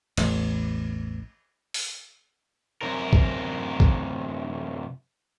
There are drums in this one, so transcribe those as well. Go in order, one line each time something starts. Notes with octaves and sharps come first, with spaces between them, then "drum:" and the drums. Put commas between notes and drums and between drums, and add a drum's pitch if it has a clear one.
A1 E2, drum: cymbal
drum: open hi-hat
F#2 C3 A#4
drum: kick
drum: kick